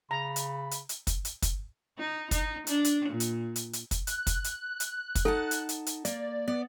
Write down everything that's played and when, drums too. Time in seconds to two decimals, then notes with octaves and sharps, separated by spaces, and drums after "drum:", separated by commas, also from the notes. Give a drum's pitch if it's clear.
0.11 C#3 A#5 B5
0.36 drum: hi-hat
0.71 drum: hi-hat
0.89 drum: hi-hat
1.07 drum: kick, hi-hat
1.25 drum: hi-hat
1.42 drum: kick, hi-hat
1.98 D#4
2.31 D#4, drum: kick, hi-hat
2.67 D4, drum: hi-hat
2.85 drum: hi-hat
3.08 A#2
3.20 drum: hi-hat
3.56 drum: hi-hat
3.73 drum: hi-hat
3.91 drum: kick, hi-hat
4.07 F#6, drum: hi-hat
4.27 drum: kick, hi-hat
4.44 drum: hi-hat
4.80 drum: hi-hat
5.15 drum: kick, hi-hat
5.25 D#4 A4 F#5 A5
5.51 drum: hi-hat
5.69 drum: hi-hat
5.86 drum: hi-hat
6.05 A#3 D5, drum: hi-hat
6.48 B3 D5